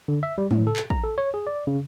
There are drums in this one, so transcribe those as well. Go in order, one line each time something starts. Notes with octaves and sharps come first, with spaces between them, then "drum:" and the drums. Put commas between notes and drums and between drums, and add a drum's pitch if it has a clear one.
D3
E5
G3
A2, drum: tom
A4
drum: clap
A#5, drum: kick
A4
C#5
G#4
D5
C#3